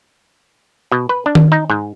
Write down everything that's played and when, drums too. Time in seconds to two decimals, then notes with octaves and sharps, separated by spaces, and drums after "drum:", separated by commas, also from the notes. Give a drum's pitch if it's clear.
0.92 B2
1.09 B4
1.26 D4
1.35 drum: tom D#3
1.52 D#4
1.70 G#2